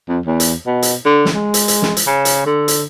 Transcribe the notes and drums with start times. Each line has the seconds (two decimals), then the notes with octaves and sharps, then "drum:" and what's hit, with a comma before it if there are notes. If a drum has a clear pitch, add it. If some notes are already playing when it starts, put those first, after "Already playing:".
0.08 F2
0.25 E2
0.40 drum: hi-hat
0.66 B2
0.82 drum: hi-hat
1.06 D3
1.25 drum: snare
1.35 G#3
1.54 drum: hi-hat
1.68 drum: hi-hat
1.82 drum: snare
1.97 drum: hi-hat
2.07 C#3
2.25 drum: hi-hat
2.46 D3
2.68 drum: hi-hat